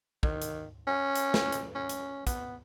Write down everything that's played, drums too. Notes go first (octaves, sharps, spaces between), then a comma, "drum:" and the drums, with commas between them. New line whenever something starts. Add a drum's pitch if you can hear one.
D#3, drum: kick
drum: hi-hat
C#4
drum: hi-hat
drum: snare
drum: hi-hat
C#4
drum: hi-hat
B3, drum: kick, hi-hat